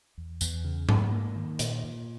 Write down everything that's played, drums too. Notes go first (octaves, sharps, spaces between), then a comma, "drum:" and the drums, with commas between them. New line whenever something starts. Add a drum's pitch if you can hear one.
E2
E2, drum: tambourine
C#3
G#2, drum: tom G#2
A#3
D#3
A#2, drum: hi-hat
A#2